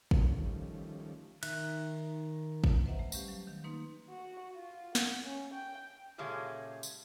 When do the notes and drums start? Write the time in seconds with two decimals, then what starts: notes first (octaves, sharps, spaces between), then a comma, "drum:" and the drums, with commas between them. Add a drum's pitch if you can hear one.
0.11 D#3 F3 G3 A3 C#4, drum: kick
1.43 D#3 E5 F#6, drum: cymbal
2.64 drum: kick
2.86 B4 C5 D#5 E5 F#5 A#5
2.99 A3
3.12 G3 C#4 G4 F5, drum: tambourine
3.28 F#3
3.47 D#3
3.64 A#3 D#4 B4 C6
4.09 F#4
4.56 F4
4.95 F#5, drum: snare
5.25 C#4
5.53 G5
6.18 A#2 C#3 G#3 A3 C#4 G4
6.83 drum: tambourine